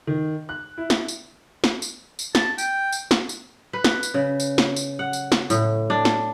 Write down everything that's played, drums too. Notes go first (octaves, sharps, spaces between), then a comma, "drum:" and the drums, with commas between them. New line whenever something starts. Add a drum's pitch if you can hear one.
D#3
F#6
E4
drum: snare
drum: tambourine
drum: snare
drum: tambourine
drum: tambourine
A5, drum: snare
G5, drum: tambourine
drum: tambourine
drum: snare
drum: tambourine
B4
drum: snare
drum: tambourine
C#3
drum: tambourine
drum: snare
drum: tambourine
F#5
drum: tambourine
drum: snare
A2, drum: tambourine
D4
drum: snare